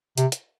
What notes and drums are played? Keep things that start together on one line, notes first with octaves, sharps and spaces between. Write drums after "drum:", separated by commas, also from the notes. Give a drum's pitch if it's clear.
C3, drum: hi-hat
drum: hi-hat